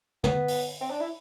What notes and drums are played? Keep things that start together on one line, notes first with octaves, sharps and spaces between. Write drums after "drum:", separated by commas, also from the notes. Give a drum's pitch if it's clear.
B3, drum: tom
drum: open hi-hat
C4
D4
E4